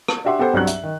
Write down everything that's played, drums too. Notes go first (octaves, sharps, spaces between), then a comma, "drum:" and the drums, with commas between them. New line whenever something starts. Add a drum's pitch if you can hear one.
drum: rim click
D4 F#4 G4 E5 F#5 C6
B3 G4 A4 C5
C2 G2 F#3 F#6
E5, drum: hi-hat
D#3